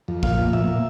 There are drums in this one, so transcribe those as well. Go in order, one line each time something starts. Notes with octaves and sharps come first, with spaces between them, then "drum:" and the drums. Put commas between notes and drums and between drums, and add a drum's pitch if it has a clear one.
F2
A#2 F5, drum: kick
F3
A#2 E5
A#2